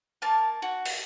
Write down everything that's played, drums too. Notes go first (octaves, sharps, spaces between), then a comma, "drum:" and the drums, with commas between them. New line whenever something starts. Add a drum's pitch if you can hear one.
A#3 A#4 A5
F#4
drum: open hi-hat